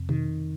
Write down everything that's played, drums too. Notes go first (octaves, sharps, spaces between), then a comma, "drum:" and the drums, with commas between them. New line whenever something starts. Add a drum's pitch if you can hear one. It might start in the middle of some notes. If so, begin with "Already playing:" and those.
Already playing: F2 C3
D#3, drum: tom B2